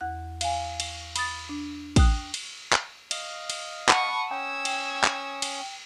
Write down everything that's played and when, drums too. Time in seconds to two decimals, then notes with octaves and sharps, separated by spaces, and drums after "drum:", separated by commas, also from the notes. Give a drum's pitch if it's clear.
0.01 E2 F#5 F#6
0.41 F5 G#5, drum: cymbal
0.80 drum: cymbal
1.16 B5 D#6 A6, drum: cymbal
1.49 D4
1.96 G5 D#6 F#6, drum: kick, cymbal
2.34 drum: cymbal
2.72 drum: clap
3.11 D#5 F5, drum: cymbal
3.50 drum: cymbal
3.89 F#5 A5 B5 C#6 D#6, drum: clap
4.31 C#4 G5 C#6 D#6 E6 G#6
4.65 drum: cymbal
5.04 drum: clap
5.42 drum: cymbal